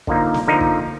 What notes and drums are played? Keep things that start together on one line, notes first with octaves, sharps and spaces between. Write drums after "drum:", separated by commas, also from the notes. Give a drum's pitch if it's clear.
D3 F3 A#3 D#4, drum: kick
drum: snare
D3 F3 A#3 D#4
drum: kick